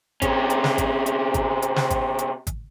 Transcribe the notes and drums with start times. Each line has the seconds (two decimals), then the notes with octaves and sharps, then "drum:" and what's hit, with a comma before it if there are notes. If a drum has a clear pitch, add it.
0.22 C3 C#4, drum: kick G#1, hi-hat
0.50 drum: hi-hat
0.64 drum: snare
0.78 drum: kick G#1, hi-hat
1.06 drum: hi-hat
1.34 drum: kick G#1, hi-hat
1.62 drum: hi-hat
1.76 drum: snare
1.90 drum: kick G#1, hi-hat
2.19 drum: hi-hat
2.47 drum: kick G#1, hi-hat